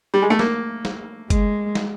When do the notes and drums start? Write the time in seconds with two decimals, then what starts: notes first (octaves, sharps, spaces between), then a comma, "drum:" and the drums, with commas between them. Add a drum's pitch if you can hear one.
0.14 G3
0.22 G#3
0.30 A3
0.39 A#3, drum: snare
0.85 drum: snare
1.30 G#3, drum: kick, hi-hat
1.75 drum: snare